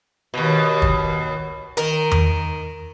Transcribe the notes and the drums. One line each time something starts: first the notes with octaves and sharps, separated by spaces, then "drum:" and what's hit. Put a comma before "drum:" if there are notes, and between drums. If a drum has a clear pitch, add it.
D#2 B2
drum: kick
D#3 A#4, drum: hi-hat
drum: tom E2